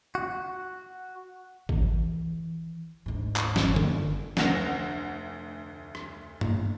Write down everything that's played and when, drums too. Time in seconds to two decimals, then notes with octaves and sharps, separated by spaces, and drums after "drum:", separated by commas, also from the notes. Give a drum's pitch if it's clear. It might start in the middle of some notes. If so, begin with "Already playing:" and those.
0.15 F#4
1.69 E3, drum: kick G#1
3.06 D2 G#2
3.36 drum: clap
3.56 G1 F2, drum: snare
3.76 drum: tom D3
4.37 F1 D2 F#5 A#6 F7, drum: snare
5.95 drum: rim click
6.41 drum: tom G2